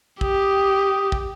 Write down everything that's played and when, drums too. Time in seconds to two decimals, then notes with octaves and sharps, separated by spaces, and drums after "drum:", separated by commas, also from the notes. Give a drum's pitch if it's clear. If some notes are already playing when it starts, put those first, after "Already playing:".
0.21 G4 D#6, drum: kick
1.12 drum: kick